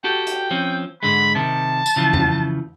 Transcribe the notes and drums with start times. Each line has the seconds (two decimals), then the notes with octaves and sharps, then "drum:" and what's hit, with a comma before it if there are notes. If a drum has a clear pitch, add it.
0.04 F#4 G4 A4 G5
0.27 drum: hi-hat
0.51 F3 C4 C#4
1.03 G#2 D3 G#3 B5
1.35 C3 D#3 A5
1.86 drum: tambourine
1.96 C#3 E3 F3
2.13 drum: tom F2